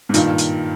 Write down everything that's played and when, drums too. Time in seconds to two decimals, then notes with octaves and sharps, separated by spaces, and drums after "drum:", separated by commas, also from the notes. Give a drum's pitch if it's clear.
0.09 G#2
0.14 G2 A#2 D#3, drum: hi-hat
0.38 drum: hi-hat